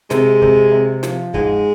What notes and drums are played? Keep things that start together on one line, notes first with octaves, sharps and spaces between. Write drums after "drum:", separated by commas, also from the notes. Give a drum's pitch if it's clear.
C3 G#3, drum: snare
C3, drum: kick
C3
F3, drum: snare
G#2 G#3, drum: kick